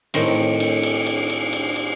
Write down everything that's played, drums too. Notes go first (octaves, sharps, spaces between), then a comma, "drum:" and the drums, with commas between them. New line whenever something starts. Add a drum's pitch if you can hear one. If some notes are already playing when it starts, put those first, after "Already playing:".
A2 D#3 C4, drum: cymbal
drum: cymbal
drum: cymbal
drum: cymbal
drum: cymbal
drum: cymbal
drum: cymbal